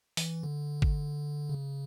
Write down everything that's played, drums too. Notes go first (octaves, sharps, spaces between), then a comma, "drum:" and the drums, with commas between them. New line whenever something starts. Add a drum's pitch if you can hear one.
E3, drum: open hi-hat
D3
drum: kick G#1
C#3